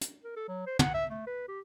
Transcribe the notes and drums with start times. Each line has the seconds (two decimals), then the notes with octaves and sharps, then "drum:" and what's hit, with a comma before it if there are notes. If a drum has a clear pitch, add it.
0.01 drum: hi-hat
0.24 A#4
0.36 A4
0.48 F#3
0.66 C5
0.79 F#5, drum: tom
0.94 E5
1.10 A3
1.27 B4
1.48 G4